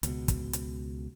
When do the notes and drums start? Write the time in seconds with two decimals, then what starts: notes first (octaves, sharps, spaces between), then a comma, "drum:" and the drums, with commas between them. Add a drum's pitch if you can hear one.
0.03 C#2 B2, drum: hi-hat
0.28 drum: kick, hi-hat
0.53 drum: hi-hat